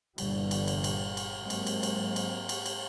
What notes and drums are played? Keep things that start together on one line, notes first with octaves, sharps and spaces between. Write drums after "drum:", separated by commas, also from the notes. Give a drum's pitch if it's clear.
G1 A#2 D3 E3 G3, drum: cymbal
drum: cymbal
drum: cymbal
drum: cymbal
drum: cymbal
G#2 F#3 G#3 A#3 C4
drum: cymbal
drum: cymbal
drum: cymbal
drum: cymbal
drum: cymbal
drum: cymbal